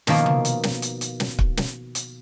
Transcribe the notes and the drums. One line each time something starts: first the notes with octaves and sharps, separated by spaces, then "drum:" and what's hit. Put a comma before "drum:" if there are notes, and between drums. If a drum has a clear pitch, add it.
B2 D#3 F3 A#3, drum: snare
drum: tom
drum: hi-hat
drum: snare
drum: hi-hat
drum: hi-hat
drum: snare
drum: kick
drum: snare
drum: hi-hat